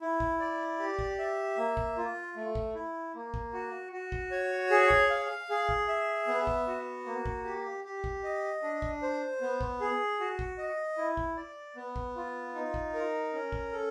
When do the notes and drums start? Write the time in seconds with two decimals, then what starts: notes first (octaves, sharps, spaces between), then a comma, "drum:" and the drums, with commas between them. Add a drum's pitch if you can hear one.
0.01 E4
0.20 drum: kick
0.40 D5
0.79 G4
0.99 drum: kick
1.19 E5
1.57 A#3
1.77 drum: kick
1.97 F4
2.36 A3
2.55 drum: kick
2.75 E4
3.15 A#3
3.34 drum: kick
3.53 F#4
3.92 F#4
4.12 drum: kick
4.31 C#5
4.70 G#4
4.90 drum: kick
5.10 F5
5.49 G#4
5.69 drum: kick
5.88 E5
6.27 B3
6.47 drum: kick
6.67 F#4
7.06 A#3
7.26 drum: kick
7.45 G4
7.84 G4
8.04 drum: kick
8.23 D#5
8.63 D4
8.82 drum: kick
9.02 C5
9.41 B3
9.61 drum: kick
9.80 G#4
10.20 F#4
10.39 drum: kick
10.58 D#5
10.97 E4
11.17 drum: kick
11.37 D5
11.76 B3
11.96 drum: kick
12.16 F4
12.55 D#4
12.74 drum: kick
12.94 A#4
13.33 C#4
13.52 drum: kick
13.72 A4